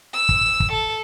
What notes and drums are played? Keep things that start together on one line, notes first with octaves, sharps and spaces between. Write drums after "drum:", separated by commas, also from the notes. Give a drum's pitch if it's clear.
E6
drum: kick
drum: kick
A4